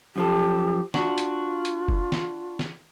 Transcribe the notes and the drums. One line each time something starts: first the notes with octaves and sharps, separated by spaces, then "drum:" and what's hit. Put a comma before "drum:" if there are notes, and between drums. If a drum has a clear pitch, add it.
F#2 F3 G4 A4
D4 F4 F#4, drum: snare
drum: hi-hat
drum: hi-hat
drum: kick F#1
drum: snare
drum: snare